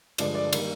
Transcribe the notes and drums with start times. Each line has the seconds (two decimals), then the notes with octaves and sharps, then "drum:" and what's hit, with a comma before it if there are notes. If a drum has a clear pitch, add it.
0.18 G2 D3 F3 G#3 D5, drum: cymbal
0.35 D5
0.53 D#3 G3 A#3, drum: cymbal